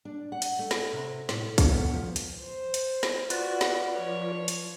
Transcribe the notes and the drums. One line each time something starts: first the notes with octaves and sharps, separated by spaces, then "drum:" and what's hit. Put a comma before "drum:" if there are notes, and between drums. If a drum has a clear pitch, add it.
D4
F#5
drum: hi-hat
A3
drum: snare
C3
A2, drum: snare
drum: kick, hi-hat
B3
F3
drum: hi-hat
C5
drum: hi-hat
drum: snare
F4 F#4 B4 D5, drum: hi-hat
drum: snare
F3 C#5
drum: hi-hat